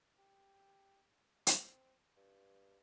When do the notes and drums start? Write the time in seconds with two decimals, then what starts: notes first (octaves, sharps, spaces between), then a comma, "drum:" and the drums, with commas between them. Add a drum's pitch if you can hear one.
0.18 G4
1.47 C4, drum: hi-hat
2.17 G2